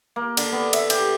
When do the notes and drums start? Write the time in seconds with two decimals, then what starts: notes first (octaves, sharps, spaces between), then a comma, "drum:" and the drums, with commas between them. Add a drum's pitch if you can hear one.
0.16 A#3
0.37 D3, drum: cymbal
0.52 B3
0.73 E5, drum: cymbal
0.90 G4, drum: cymbal